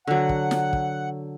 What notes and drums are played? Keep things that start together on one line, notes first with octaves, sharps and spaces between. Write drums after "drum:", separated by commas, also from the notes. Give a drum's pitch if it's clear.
D3 F#3 F#5
drum: kick
drum: snare
drum: kick